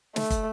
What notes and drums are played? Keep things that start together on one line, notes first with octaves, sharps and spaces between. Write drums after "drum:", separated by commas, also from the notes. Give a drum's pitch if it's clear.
A3, drum: snare
drum: kick, hi-hat